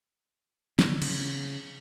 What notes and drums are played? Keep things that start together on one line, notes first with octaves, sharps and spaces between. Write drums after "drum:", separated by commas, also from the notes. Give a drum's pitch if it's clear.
D3, drum: snare
C#3, drum: cymbal